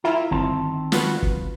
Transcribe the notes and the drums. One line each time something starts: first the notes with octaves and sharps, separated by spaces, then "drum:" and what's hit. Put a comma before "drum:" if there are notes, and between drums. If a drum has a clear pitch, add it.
E4 F4 A#4 E5 A#5
G1 D#3 C4 A5
F4 F#4 B4, drum: snare
drum: kick